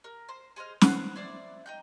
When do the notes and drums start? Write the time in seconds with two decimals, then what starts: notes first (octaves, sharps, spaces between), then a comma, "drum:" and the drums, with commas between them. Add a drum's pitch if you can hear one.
0.04 A#4
0.29 C5
0.56 G#4 C5 D#5 F6
0.81 B4 C5 F#5, drum: snare
1.16 E4 C5 D5
1.66 D#4 G5 G6